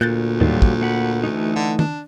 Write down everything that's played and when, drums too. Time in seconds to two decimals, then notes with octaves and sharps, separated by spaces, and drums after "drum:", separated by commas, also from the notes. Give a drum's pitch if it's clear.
0.01 D2 A#2 F#6 G6 A6
0.40 D#2 A2 D#3 F#3 G3 F4
0.62 drum: kick
0.81 A#3 F#5 B5
1.24 E3 A3 D#4
1.55 D3
1.79 D4, drum: tom D#3